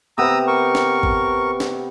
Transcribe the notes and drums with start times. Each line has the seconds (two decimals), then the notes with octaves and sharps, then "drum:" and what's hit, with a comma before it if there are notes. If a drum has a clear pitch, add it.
0.18 C3 B3 A#5 D#6 E6
0.47 A#4 C#6
0.75 drum: snare
1.03 drum: kick G#1
1.60 drum: snare